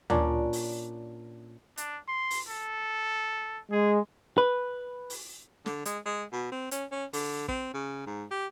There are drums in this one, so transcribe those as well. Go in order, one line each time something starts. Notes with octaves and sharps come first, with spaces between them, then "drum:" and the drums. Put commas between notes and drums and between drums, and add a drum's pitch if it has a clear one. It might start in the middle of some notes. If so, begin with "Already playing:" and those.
A#2 C#4 D4, drum: tom D2
drum: open hi-hat
D4, drum: hi-hat
C6
drum: open hi-hat
A4
G#3 G#4
B4
drum: open hi-hat
D3, drum: snare
G#3, drum: hi-hat
G#3
B2
C4
C#4, drum: hi-hat
C#4
D3, drum: open hi-hat
C4, drum: kick
C#3
G#2
G4